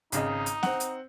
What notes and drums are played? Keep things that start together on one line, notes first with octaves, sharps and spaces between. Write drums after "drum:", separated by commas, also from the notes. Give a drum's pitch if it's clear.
G#1 C#3 D#4 D#5, drum: hi-hat
drum: hi-hat
C4 F#5, drum: snare
drum: hi-hat